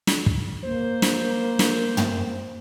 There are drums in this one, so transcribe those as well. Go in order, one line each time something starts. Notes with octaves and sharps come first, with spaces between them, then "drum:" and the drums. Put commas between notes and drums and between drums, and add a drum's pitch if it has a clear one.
drum: snare
drum: kick
A#3 C5
drum: snare
drum: snare
drum: tom